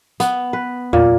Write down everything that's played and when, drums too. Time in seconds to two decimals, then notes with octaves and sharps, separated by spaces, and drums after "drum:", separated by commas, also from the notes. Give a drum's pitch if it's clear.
0.20 B3, drum: hi-hat
0.53 B4
0.93 A#2, drum: tom E2